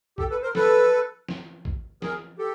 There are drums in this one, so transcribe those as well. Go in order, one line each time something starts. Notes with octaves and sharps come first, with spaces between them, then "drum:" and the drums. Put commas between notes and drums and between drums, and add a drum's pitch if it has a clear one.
G4 A4, drum: kick
A4 B4
A#4 C5
A4 B4, drum: snare
drum: snare
drum: kick
G#4 A#4, drum: snare
G4 A4